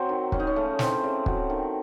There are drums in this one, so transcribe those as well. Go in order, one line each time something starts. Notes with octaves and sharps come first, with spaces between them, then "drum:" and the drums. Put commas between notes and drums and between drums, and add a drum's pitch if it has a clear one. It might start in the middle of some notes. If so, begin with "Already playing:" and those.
Already playing: F#3 C4
D#3
G#3 C#4, drum: kick
D#4
C#4
C#3 A3
E3 C4, drum: snare
C#3
F#3, drum: kick
D#3